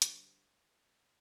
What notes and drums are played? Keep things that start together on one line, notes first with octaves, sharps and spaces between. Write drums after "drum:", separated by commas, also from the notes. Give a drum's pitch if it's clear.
D3 G3 D4 G4 C5, drum: hi-hat